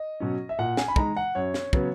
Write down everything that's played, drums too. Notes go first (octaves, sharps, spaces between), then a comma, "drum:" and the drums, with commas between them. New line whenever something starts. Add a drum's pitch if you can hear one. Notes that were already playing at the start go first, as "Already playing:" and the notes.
Already playing: D#5
B2 F#3 C#4
E5
A#2 F#5
G#5, drum: snare
B5
G#3 D#4 A#5, drum: kick
F#5
F#2 C#5
drum: snare
C#3 F#3 B3, drum: kick